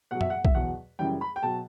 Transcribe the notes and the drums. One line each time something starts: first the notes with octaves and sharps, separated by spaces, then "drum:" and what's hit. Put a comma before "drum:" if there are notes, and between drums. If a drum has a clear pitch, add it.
B2 F#3 F#5
E5, drum: tom
F#5
E5, drum: kick B1
E2 B2 F#3 F#5
F#2 C#3 E3 G3 G5
B5
G5
B2 F#3 A5